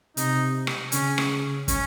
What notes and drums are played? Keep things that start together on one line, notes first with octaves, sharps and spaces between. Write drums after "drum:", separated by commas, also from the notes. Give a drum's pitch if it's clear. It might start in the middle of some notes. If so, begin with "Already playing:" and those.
C3 D#4, drum: hi-hat
drum: rim click
C#3 C#4, drum: hi-hat
drum: rim click
C#4, drum: kick, hi-hat